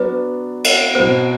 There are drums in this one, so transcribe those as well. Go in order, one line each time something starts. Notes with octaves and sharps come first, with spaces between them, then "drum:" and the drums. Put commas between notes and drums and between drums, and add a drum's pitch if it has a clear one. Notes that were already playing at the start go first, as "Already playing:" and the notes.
Already playing: F#3 B3 D4 B4
drum: cymbal
B2 F#3 B3 C5